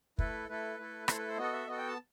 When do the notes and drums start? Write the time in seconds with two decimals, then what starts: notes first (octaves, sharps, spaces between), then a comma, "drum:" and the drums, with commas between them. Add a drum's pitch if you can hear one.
0.18 A3 E4 A4 B4, drum: kick
0.49 A3 E4 A4 B4
0.78 A3 E4 A4
1.08 A3 E4 A4 C5, drum: rim click
1.18 B4
1.28 C5
1.37 B3 F#4 A4 D#5
1.53 E5
1.67 B3 F#4 A4 D#5
1.77 G5
1.88 A5